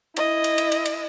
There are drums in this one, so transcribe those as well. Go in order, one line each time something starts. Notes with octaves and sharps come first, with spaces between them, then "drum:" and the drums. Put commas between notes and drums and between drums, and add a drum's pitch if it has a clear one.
E4 D#5, drum: cymbal
drum: cymbal
drum: cymbal
drum: cymbal
drum: cymbal